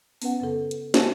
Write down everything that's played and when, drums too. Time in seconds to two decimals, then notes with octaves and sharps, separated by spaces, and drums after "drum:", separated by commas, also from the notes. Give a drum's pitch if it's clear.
0.22 B3 C#4 B4 F#5, drum: open hi-hat
0.40 F#2 C#3 A4
0.71 drum: hi-hat
0.94 C5 C#5 E5 G#5 A5 E6, drum: snare